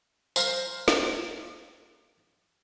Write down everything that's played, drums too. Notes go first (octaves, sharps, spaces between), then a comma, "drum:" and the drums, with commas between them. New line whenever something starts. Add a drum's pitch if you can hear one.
C5 F5 A#5, drum: tambourine
drum: snare